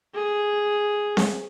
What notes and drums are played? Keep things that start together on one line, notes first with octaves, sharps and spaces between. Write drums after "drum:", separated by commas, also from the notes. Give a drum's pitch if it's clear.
G#4
drum: snare C4